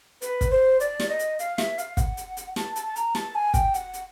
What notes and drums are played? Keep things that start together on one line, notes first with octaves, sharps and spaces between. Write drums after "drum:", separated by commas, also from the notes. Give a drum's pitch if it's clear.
B4, drum: hi-hat
drum: kick, hi-hat
C5
D5, drum: hi-hat
drum: snare
D#5
drum: hi-hat
F5, drum: hi-hat
E5, drum: snare
F5, drum: hi-hat
F#5, drum: kick, hi-hat
drum: hi-hat
drum: hi-hat
A5, drum: snare
A5, drum: hi-hat
A5
A#5, drum: hi-hat
A5, drum: snare
G#5
G5, drum: kick, hi-hat
F#5, drum: hi-hat
drum: hi-hat